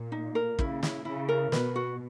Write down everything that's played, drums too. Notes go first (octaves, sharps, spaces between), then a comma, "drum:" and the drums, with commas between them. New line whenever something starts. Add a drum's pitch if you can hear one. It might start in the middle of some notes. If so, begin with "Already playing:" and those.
Already playing: A#2
D#4
A#4
C#3 E4, drum: kick
E4, drum: snare
C#3 E4
A#4
B2 B4, drum: snare
F#4